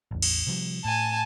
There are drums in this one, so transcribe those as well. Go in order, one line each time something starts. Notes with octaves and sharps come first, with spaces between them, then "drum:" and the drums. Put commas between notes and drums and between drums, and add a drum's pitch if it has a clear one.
A1 E2
drum: cymbal
C3 F3 G3
A2 G#5 A5